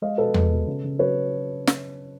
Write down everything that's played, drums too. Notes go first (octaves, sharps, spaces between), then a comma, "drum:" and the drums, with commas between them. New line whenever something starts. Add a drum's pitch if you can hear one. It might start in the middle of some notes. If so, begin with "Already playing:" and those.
G#3 D#5 F5
B2 A4 B4
G#3, drum: tom E2
B2
C#3
C#3
F#3 B4 C#5
drum: snare